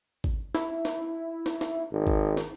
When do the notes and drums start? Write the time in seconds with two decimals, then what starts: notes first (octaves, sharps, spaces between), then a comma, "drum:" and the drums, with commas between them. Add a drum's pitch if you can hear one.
0.24 drum: kick G#1
0.55 E4, drum: snare
0.85 drum: snare
1.46 drum: snare
1.61 drum: snare
1.92 G#1
2.07 drum: kick G#1
2.37 drum: snare